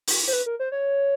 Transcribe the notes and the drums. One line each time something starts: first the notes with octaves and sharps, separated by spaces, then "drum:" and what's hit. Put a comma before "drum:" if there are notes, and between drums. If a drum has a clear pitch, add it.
drum: open hi-hat
C5
B4
A#4
C5
C#5